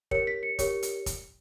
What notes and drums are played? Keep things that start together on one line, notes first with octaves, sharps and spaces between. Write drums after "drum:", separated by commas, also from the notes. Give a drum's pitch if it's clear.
G4 A#4 C#5 C#7, drum: kick
B6
C#7
G4 A#4 C#5, drum: kick, hi-hat
drum: hi-hat
drum: kick, hi-hat